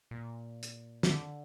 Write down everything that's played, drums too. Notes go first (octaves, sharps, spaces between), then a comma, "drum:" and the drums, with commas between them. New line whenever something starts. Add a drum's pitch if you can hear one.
A#2
drum: hi-hat
D3, drum: snare